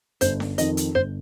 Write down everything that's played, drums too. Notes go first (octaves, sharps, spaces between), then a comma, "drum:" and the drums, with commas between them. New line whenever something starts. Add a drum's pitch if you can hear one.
G1 C5, drum: hi-hat
drum: snare C#4
F2 D#3 D#5, drum: hi-hat
drum: hi-hat
G1 C5